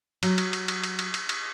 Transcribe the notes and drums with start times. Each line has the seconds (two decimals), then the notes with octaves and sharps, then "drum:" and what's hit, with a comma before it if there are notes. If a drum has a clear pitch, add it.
0.23 F#3, drum: cymbal
0.38 drum: cymbal
0.53 drum: cymbal
0.68 drum: cymbal
0.84 drum: cymbal
0.99 drum: cymbal
1.14 drum: cymbal
1.29 drum: cymbal